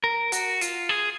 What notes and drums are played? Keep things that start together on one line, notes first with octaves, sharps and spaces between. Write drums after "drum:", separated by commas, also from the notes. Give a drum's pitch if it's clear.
A#4
F#4, drum: hi-hat
F4, drum: hi-hat
G#4